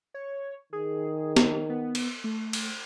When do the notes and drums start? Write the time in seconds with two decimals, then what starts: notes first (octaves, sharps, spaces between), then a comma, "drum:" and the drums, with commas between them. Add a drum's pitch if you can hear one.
0.14 C#5
0.73 D#3 G#4
1.37 drum: snare
1.69 B3
1.95 drum: cymbal
2.24 A3
2.53 drum: cymbal